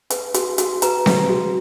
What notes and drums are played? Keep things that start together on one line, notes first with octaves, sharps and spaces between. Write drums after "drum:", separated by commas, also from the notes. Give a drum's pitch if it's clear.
B4, drum: hi-hat
F#4, drum: hi-hat
F#4, drum: hi-hat
B4 A#5, drum: hi-hat
B4, drum: snare C4
F#4